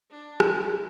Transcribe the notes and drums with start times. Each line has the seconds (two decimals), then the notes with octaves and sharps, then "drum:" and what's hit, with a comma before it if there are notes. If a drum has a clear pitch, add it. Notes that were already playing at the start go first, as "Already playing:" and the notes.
0.11 D4
0.40 E4, drum: rim click